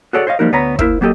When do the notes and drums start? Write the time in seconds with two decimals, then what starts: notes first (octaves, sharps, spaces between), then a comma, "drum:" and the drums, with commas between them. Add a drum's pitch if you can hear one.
0.13 F#4 G#4 A4 C#5 D5 F#5
0.27 C5 C#5 D#5 F5
0.39 F3 G3 A#3 D#4 F#4 A#4
0.52 D2 B3 B4 C#5 A#5 B5
0.79 A#3 E4 A#4 C5 E5, drum: kick
1.01 F#3 A#3 B3 G4 A4 D#5